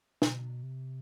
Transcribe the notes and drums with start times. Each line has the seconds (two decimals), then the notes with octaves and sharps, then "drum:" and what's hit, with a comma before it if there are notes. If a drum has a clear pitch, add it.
0.22 B2, drum: snare
0.63 C3